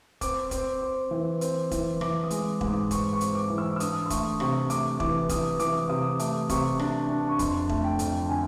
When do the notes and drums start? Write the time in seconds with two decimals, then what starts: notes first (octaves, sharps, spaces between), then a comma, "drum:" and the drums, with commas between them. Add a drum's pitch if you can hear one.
0.21 C4 D6, drum: kick E1, hi-hat
0.51 C4, drum: kick E1, hi-hat
0.82 C4
1.11 E3
1.41 C4, drum: hi-hat
1.71 E3, drum: kick E1, hi-hat
2.01 E3 D6, drum: rim click
2.24 D#6
2.30 G#3, drum: hi-hat
2.61 G#2, drum: kick E1
2.68 D6
2.91 C4 C#6, drum: kick E1, hi-hat
3.13 C#6
3.21 C4, drum: hi-hat
3.35 D6
3.50 E3
3.58 E6
3.76 E6
3.80 D4 D#6, drum: hi-hat
4.06 C6
4.10 A3 C#6, drum: kick E1, hi-hat
4.40 C3 C#6, drum: rim click
4.70 A3 D6, drum: hi-hat
5.00 E3 D6, drum: kick E1
5.29 E3 D#6, drum: kick E1, hi-hat
5.59 E3 D6, drum: hi-hat
5.89 C3 D#6
6.19 A3 D6, drum: hi-hat
6.49 C3 C#6, drum: kick E1, hi-hat
6.79 D4, drum: rim click
7.09 D4
7.29 C#6
7.39 F2 C6, drum: kick E1, hi-hat
7.69 A3, drum: kick E1
7.84 G5
7.99 F2, drum: hi-hat
8.29 D3 G#5